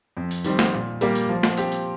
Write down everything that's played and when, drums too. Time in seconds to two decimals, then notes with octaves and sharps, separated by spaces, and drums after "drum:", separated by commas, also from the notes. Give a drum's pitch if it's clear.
0.17 F2
0.31 drum: tambourine
0.44 D#3 G3 C4, drum: tambourine
0.59 drum: snare
0.73 A#2
1.01 G3 A#3 G4, drum: tambourine
1.15 drum: tambourine
1.29 F3
1.43 drum: snare
1.57 C4 G4, drum: tambourine
1.71 drum: tambourine